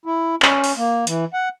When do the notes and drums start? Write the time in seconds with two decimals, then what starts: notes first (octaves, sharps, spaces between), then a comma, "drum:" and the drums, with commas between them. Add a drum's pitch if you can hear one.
0.06 E4
0.42 C#4, drum: clap
0.64 drum: open hi-hat
0.77 A#3
1.07 E3, drum: hi-hat
1.33 F#5